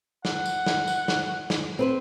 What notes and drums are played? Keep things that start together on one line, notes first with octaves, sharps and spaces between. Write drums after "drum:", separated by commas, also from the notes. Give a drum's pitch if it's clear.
F#5, drum: snare
drum: tambourine
drum: snare
drum: tambourine
drum: snare
drum: snare
C4 B4 C5